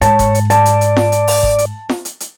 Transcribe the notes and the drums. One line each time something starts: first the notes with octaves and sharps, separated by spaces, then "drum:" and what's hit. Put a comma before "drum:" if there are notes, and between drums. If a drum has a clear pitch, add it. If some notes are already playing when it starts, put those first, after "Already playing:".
G#2 C#5 A5, drum: hi-hat
drum: kick G1, hi-hat
drum: hi-hat
D5 A5, drum: hi-hat
drum: hi-hat
drum: hi-hat
drum: snare F4
drum: hi-hat
drum: open hi-hat
drum: kick G1
drum: hi-hat
drum: snare F4
drum: hi-hat
drum: hi-hat